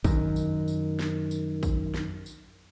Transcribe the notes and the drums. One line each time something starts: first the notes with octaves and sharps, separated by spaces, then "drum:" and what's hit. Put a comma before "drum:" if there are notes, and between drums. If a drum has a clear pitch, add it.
F#2 D#3, drum: kick, tambourine
drum: tambourine
drum: tambourine
drum: snare
drum: tambourine
drum: kick, tambourine
drum: snare
drum: tambourine